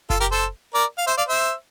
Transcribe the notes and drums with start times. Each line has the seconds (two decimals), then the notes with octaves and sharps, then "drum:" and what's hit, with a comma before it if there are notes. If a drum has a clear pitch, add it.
0.10 F4 A4, drum: kick F#1
0.20 G4 A#4
0.32 A4 C5
0.74 A#4 D5
0.98 F5
1.07 C5 E5
1.17 D5 F5
1.29 C5 E5